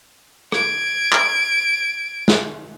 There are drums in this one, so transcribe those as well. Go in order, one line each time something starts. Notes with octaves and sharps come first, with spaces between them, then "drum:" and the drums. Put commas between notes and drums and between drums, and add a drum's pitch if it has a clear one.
G#6 D7, drum: rim click
drum: clap
drum: snare